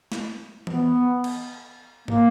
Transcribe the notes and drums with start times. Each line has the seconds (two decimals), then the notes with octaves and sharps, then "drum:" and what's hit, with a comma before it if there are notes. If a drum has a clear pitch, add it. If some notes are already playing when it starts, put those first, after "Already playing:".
0.12 drum: snare
0.67 B3, drum: tom E3
1.24 drum: cymbal
2.08 A#3, drum: tom